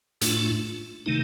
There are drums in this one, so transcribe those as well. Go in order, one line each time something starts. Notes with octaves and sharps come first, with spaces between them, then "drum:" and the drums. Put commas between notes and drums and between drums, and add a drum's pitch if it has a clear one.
A2 A3 D4 F4, drum: hi-hat
C3 D#3 A3 D#4